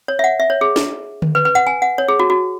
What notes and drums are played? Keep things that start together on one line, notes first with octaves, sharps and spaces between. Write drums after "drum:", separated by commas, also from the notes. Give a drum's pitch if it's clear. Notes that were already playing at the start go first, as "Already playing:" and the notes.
C#5
E5
F#5
E5
C#5
G#4
drum: snare
drum: tom D3
B4
B4
F#5
G#5
F#5
C#5
G#4
F#4
F#4